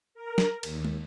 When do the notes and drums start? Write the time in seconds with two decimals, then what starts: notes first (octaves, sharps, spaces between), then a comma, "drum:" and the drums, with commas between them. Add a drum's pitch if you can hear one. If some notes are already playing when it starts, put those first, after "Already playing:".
0.15 A#4
0.38 drum: snare
0.63 D#2, drum: cymbal
0.85 drum: tom